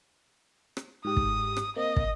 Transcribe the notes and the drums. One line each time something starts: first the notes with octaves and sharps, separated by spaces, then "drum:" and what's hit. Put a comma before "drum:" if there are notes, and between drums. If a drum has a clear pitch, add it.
drum: rim click
G#2 G4 D#6
drum: kick
drum: rim click
A#3 C4 D#5
drum: kick